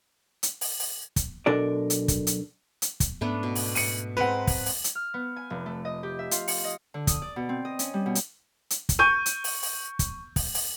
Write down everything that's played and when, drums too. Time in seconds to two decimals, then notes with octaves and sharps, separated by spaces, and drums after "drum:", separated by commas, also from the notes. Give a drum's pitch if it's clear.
0.43 drum: hi-hat
0.61 drum: open hi-hat
0.79 drum: open hi-hat
1.16 drum: kick, hi-hat
1.46 B1 B2 D4 A4 A#4 D5
1.90 drum: hi-hat
2.08 drum: kick, hi-hat
2.27 drum: hi-hat
2.82 drum: hi-hat
3.00 drum: kick, hi-hat
3.21 G#2 A3 B3 C#4 D4
3.43 B2
3.55 drum: open hi-hat
3.75 C#7 D#7, drum: open hi-hat
4.17 G#3 C4 B4 F#5 A#5
4.47 drum: kick, open hi-hat
4.66 drum: open hi-hat
4.84 drum: hi-hat
4.95 F6
5.14 B3
5.36 G#5
5.50 F1
5.66 A3
5.85 D#5
6.03 G4
6.19 E5
6.31 F4, drum: hi-hat
6.48 C#7, drum: open hi-hat
6.64 D#5
6.94 D3
7.07 D#6, drum: kick, hi-hat
7.22 D5
7.36 B2
7.49 C4
7.65 D#5
7.79 C#4, drum: hi-hat
7.94 G3
8.06 B2
8.15 drum: hi-hat
8.70 drum: hi-hat
8.89 drum: kick, hi-hat
8.99 C#6 G6 D#7
9.26 drum: hi-hat
9.44 drum: open hi-hat
9.62 drum: open hi-hat
9.99 drum: kick, hi-hat
10.36 drum: kick, open hi-hat
10.54 drum: open hi-hat